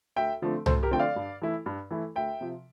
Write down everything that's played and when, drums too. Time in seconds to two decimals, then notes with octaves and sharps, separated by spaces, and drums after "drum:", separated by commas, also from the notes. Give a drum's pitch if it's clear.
0.16 D2 E5 G5
0.42 D3 F3 A3 C4
0.66 D2 A4 C5, drum: tom C2
0.83 G4 A#4
0.91 D3 F3 A3 C4 G5
0.99 D5 F5
1.16 G2
1.42 E3 A3 E4
1.66 G2
1.91 E3 A3 E4
2.16 D2 E5 G5
2.41 C3 F3